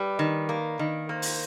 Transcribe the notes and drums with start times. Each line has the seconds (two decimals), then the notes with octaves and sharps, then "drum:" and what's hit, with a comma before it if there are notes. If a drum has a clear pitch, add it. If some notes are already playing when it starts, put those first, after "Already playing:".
Already playing: G3 B4
0.19 D#3
0.49 A#3
0.79 D#3
1.09 A#3 C5
1.22 drum: open hi-hat